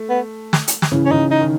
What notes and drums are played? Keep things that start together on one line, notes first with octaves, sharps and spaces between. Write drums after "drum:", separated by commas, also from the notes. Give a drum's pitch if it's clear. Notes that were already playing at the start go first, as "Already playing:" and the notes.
Already playing: A3
B3
drum: snare
drum: hi-hat
drum: snare
C#3 E3
C#4
C#3 D#4
D#4
D#3